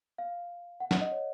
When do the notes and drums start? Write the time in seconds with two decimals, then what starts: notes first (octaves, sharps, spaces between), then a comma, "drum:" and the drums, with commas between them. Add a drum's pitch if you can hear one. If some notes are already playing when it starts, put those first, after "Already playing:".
0.18 F5
0.80 F#5
0.91 F#5, drum: snare
1.01 D#5
1.12 C#5